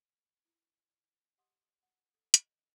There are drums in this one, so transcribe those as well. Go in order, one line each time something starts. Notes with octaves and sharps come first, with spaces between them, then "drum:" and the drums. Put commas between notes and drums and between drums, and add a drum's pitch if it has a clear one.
E4 F4
D5
G4 D#5 F#5 C6 D6 D#6
F#5
A4
D4 C#5 D#5, drum: hi-hat